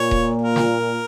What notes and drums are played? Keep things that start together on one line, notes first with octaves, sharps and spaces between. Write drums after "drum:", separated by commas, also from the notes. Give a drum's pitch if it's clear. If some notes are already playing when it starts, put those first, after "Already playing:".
Already playing: A#2 C#5
drum: kick D#1
A#4
drum: snare